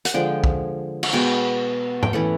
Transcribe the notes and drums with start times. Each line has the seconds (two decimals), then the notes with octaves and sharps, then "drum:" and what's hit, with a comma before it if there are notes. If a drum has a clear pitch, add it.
0.05 F#5, drum: hi-hat
0.14 D3 F3 G#3 G5
0.44 drum: kick
1.03 F#5, drum: cymbal
1.13 B2 G#3 B3 G5
2.03 G5, drum: tom G#2
2.13 E3 A3 C#4 F#5